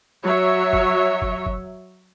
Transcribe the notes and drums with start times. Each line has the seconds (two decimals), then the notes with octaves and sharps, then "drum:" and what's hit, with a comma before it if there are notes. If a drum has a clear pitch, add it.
0.24 F#3 C#5 E5
0.73 drum: kick
1.22 drum: kick
1.46 drum: kick